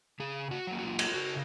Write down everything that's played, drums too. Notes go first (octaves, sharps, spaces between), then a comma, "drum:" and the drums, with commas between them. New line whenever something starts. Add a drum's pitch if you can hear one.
C#3 G#4
F#4
F#3 A#3
F#4
F4
drum: cymbal
C#3 F#4